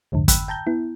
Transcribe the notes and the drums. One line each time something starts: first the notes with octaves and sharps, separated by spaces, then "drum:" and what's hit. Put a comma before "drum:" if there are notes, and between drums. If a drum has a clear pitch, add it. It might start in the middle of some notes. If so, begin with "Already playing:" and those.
C2 F2 G#2 D3
G5 B5 E6 F#6, drum: kick, hi-hat
G5 A5 A#5 G6
B3 E4